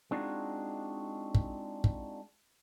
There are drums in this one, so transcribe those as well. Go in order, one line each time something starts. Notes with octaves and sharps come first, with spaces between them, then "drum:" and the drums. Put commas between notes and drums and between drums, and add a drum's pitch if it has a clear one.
G#3 C4 D4 D#4 F4 F#4
drum: kick
drum: kick